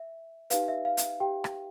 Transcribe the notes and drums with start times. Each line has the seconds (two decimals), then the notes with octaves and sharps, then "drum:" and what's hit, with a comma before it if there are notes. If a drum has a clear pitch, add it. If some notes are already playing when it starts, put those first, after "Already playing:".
Already playing: E5
0.50 D#4 G4 B4 F5, drum: hi-hat
0.68 E5
0.85 F5
0.97 drum: hi-hat
1.20 G4 G5
1.44 drum: rim click